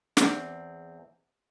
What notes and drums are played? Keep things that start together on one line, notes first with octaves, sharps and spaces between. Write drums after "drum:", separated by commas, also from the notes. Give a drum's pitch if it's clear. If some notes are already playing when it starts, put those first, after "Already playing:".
E2 C4, drum: snare